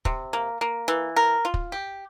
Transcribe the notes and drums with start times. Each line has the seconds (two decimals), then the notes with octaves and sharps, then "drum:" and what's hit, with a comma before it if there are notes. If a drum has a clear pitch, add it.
0.05 C3, drum: kick
0.33 A#3
0.61 A#3
0.88 E3
1.16 A#4
1.45 F4
1.54 drum: kick
1.72 G4